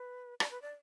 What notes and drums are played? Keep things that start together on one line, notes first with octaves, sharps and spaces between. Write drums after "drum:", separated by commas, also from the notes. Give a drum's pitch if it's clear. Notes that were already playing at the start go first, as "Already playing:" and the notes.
Already playing: B4
D5, drum: rim click
B4
D5